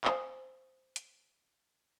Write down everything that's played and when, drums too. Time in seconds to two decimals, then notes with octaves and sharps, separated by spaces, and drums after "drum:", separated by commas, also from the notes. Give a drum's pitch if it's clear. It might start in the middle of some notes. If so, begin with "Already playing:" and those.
0.05 C5 F5 G#5 D#6, drum: clap
0.96 drum: hi-hat